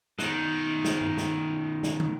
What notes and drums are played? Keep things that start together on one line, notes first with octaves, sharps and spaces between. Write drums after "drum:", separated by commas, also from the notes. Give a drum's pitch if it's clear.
B2 D#3, drum: snare
drum: snare
drum: tom
drum: snare
drum: snare
drum: tom